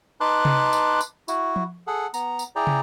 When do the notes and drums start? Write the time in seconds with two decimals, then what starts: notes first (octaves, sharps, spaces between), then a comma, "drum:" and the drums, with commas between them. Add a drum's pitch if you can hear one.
0.21 D#4 B4 A5 C6 D6 F#6
0.45 drum: tom C3
0.73 drum: tambourine
1.00 drum: tambourine
1.28 E4 F#4, drum: tambourine
1.56 drum: tom F3
1.87 G#4 A4 F#5
2.14 B3 A#5, drum: tambourine
2.39 drum: tambourine
2.56 E4 G#4 D5 G5 A#5
2.67 drum: tom